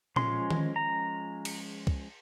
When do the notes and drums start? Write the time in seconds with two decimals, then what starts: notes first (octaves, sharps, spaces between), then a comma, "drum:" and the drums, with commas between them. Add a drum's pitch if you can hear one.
0.16 F3 G#3 C#4 F4 C6, drum: tom A#2
0.51 drum: tom D#3
0.76 A#5
1.45 drum: cymbal
1.87 drum: kick